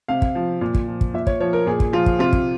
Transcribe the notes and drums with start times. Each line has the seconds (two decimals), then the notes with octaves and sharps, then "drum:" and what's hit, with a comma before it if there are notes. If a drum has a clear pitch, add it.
0.08 C3 F5
0.22 drum: kick
0.35 F3
0.61 A#2
0.75 drum: kick
0.87 F3
1.01 drum: kick
1.14 A#2 E5
1.27 C#5, drum: kick
1.40 F3 C#5
1.53 A#4
1.66 A#2 G#4
1.80 drum: kick
1.93 F3 F4
2.06 drum: kick
2.19 C3 F4
2.33 drum: kick